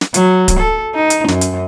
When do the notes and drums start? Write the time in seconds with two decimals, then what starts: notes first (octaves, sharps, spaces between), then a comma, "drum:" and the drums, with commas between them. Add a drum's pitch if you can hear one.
0.01 drum: snare
0.14 F#3, drum: hi-hat
0.48 drum: kick D1, hi-hat
0.60 A4
0.95 D#4
1.10 drum: hi-hat
1.28 F#2, drum: snare
1.41 drum: hi-hat